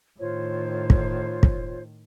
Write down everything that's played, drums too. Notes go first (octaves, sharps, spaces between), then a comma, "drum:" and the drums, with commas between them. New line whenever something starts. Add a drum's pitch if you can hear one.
A2 D#3 F4 C5 C#5
drum: kick
drum: kick